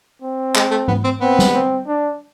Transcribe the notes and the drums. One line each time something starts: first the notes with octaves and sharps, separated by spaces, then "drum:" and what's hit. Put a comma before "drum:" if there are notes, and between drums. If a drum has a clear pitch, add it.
C4
G#3, drum: clap
A3
B3, drum: tom G#2
C4
B3 C4
drum: snare
C4
D4